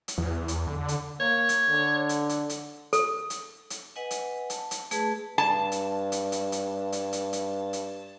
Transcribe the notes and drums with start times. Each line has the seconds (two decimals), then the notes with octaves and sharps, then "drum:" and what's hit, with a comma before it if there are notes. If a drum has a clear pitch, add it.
0.08 drum: hi-hat
0.18 E2
0.48 drum: hi-hat
0.67 D3
0.88 drum: hi-hat
1.20 A#3 C#5
1.49 drum: hi-hat
1.69 D3
2.09 drum: hi-hat
2.29 drum: hi-hat
2.49 drum: hi-hat
2.93 A4, drum: hi-hat
3.30 drum: hi-hat
3.70 drum: hi-hat
3.96 B4 D#5 F#5 G#5
4.11 drum: hi-hat
4.50 A5, drum: hi-hat
4.71 drum: hi-hat
4.91 A3 G#4 B4 A5, drum: hi-hat
5.38 G2 A5
5.72 drum: hi-hat
6.12 drum: hi-hat
6.32 drum: hi-hat
6.52 drum: hi-hat
6.92 drum: hi-hat
7.13 drum: hi-hat
7.33 drum: hi-hat
7.73 drum: hi-hat